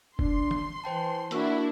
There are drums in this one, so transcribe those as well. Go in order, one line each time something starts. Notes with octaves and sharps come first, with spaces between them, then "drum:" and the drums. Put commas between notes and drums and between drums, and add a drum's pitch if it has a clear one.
D4 C6, drum: kick
drum: tom
E3 C5 G5 A5
A#3 D4 E4 F#4 A#4 E6, drum: hi-hat